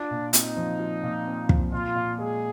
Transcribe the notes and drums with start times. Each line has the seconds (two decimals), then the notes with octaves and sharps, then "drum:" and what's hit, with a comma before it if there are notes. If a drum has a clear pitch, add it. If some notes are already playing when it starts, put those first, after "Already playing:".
Already playing: D4 F4
0.11 A#2
0.33 C4 D#4, drum: hi-hat
0.57 F3
0.79 F4
1.03 A#2
1.27 C4
1.49 F3, drum: kick
1.72 A#2 F4
1.96 A#2
2.19 G#3 G#4